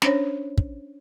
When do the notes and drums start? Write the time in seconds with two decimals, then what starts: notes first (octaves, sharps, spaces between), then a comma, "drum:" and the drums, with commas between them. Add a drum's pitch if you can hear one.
0.02 C#4 D4 C5 C#5, drum: snare
0.58 drum: kick